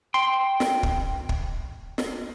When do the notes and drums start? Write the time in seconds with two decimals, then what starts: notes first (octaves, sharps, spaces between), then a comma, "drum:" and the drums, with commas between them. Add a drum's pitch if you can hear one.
0.14 G5 C6
0.60 drum: snare
0.83 drum: kick
1.29 drum: kick
1.98 drum: snare